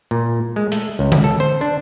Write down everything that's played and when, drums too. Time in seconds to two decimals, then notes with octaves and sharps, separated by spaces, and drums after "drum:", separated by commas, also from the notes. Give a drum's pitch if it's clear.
0.11 A#2
0.56 G#3
0.72 A3, drum: hi-hat
0.99 C#2
1.12 drum: tom D3
1.24 A4
1.40 C5
1.61 D4